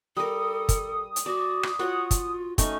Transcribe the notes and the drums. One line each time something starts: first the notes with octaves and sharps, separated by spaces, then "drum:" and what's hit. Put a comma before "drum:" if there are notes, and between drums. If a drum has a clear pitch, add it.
G3 A4 A#4 D#6
drum: kick, hi-hat
drum: hi-hat
F#4 D5
drum: rim click
F4 F#4 C#5 F#5
drum: kick, hi-hat
A3 C#4 D#4 C#6, drum: kick, hi-hat